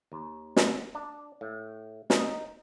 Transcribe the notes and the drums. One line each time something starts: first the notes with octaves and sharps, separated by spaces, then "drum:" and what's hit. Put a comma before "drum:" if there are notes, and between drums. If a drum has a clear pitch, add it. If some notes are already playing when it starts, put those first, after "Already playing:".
D#2
drum: snare
D4
A2
D#4, drum: snare